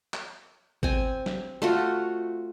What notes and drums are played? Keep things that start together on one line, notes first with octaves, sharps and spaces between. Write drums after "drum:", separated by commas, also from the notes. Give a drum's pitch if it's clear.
drum: clap
C4 G#5, drum: kick
drum: snare
A3 F4 F#4